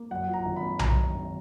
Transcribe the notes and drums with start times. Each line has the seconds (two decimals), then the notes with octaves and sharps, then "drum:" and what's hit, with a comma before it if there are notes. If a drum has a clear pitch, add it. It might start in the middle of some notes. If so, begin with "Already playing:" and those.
Already playing: A#3
0.11 F#2 F#5
0.28 F3
0.34 A#5
0.45 G#1
0.56 B5
0.62 A#3
0.79 F#2 A#5, drum: tom B1
0.97 D#3
1.15 G#1